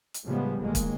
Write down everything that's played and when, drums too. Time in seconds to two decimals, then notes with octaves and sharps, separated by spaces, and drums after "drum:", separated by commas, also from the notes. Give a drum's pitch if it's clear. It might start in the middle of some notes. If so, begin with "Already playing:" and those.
0.14 drum: hi-hat
0.25 A2 C#3 F3 G3 G#3 B3
0.60 G1 D#3 G#3 A#3
0.75 drum: kick, hi-hat